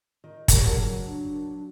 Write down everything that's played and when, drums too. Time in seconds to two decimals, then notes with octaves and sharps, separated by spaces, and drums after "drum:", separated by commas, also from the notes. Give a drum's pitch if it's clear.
0.24 D#3
0.48 C#3 G3 A#4 C#5, drum: kick, hi-hat
0.67 F#3 A#4 A5
1.07 D4